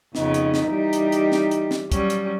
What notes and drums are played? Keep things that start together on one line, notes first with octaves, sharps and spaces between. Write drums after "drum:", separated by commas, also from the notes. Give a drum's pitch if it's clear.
F2 C#3 B3 D#4, drum: snare
drum: hi-hat
drum: snare
E3 G3 G4
drum: hi-hat
drum: hi-hat
drum: snare
drum: hi-hat
drum: snare
F#3 G3 C#4, drum: kick, hi-hat
drum: hi-hat